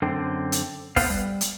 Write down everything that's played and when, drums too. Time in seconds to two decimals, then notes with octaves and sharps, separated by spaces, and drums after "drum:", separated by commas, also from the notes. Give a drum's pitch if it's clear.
0.02 F#2 D3 C4
0.52 drum: hi-hat
0.96 A3 B3 B4 C5 F5, drum: kick, open hi-hat
1.10 G3
1.41 drum: hi-hat